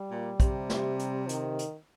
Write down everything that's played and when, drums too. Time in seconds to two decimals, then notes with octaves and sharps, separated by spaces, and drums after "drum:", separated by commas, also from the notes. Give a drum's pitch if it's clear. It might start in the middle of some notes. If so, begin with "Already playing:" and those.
Already playing: G3
0.10 A#2
0.40 C3, drum: kick, hi-hat
0.70 drum: snare
0.99 drum: hi-hat
1.29 D#3, drum: hi-hat
1.59 drum: hi-hat